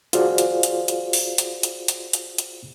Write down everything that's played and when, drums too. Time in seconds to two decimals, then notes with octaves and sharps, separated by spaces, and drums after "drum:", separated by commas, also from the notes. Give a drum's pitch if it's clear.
0.13 F4 F#4 G#4 C5 D5 F5, drum: hi-hat
0.38 drum: hi-hat
0.63 drum: hi-hat
0.88 drum: hi-hat
1.13 drum: open hi-hat
1.38 drum: hi-hat
1.63 drum: hi-hat
1.88 drum: hi-hat
2.13 drum: hi-hat
2.38 drum: hi-hat